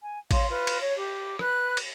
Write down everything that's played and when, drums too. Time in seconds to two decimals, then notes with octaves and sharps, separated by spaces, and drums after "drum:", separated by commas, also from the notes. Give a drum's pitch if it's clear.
0.02 G#5
0.31 C#5 F5 C6, drum: kick A1, cymbal
0.49 F4 B4
0.67 drum: cymbal
0.80 C#5
0.96 G4 D6
1.39 B4 F#6, drum: rim click
1.77 drum: cymbal